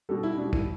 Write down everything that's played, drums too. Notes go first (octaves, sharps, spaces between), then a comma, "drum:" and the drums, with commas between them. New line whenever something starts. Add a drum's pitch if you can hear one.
B2 G3 A4
E4
B2 G3 D4
E4, drum: kick